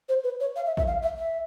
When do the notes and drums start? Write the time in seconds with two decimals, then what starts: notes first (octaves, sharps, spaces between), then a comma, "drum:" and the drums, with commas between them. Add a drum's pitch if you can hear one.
0.09 C5
0.24 B4
0.40 C#5
0.56 F5
0.66 E5
0.77 E5, drum: kick
0.87 F5
1.02 E5
1.18 E5